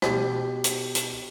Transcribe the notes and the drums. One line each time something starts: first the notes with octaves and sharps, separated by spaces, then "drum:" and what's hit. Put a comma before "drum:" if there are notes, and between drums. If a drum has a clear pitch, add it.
B2 G4, drum: rim click
drum: hi-hat
drum: hi-hat